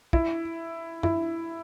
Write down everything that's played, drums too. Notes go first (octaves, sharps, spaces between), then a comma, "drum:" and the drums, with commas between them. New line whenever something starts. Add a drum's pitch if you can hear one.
E4, drum: kick
E4, drum: tom